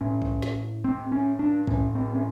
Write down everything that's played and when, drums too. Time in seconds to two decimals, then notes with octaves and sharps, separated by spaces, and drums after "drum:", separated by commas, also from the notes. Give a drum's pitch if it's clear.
0.01 A2 C#4
0.22 drum: kick
0.42 drum: snare
0.84 C4
1.12 C#4
1.39 D4
1.67 A2 C#4, drum: kick
1.95 C4
2.15 C#4